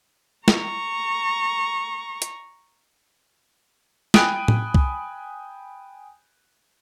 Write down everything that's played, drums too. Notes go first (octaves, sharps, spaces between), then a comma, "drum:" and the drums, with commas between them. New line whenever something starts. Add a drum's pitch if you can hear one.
A#5 C#6, drum: snare
drum: hi-hat
G5 G#5 B5 D#6 F#6 D7, drum: snare
drum: tom A2
drum: kick C2